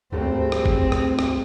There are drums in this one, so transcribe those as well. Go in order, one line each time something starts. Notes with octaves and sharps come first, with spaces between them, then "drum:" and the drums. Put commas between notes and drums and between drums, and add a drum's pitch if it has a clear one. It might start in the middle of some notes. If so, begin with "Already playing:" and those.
G#1 D2 G3 A3 C4
drum: rim click
drum: kick
drum: rim click
drum: rim click